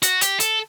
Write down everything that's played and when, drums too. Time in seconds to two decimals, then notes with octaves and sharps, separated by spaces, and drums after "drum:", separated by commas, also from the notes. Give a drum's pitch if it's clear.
0.02 F#4, drum: hi-hat
0.21 G4, drum: hi-hat
0.40 A4, drum: hi-hat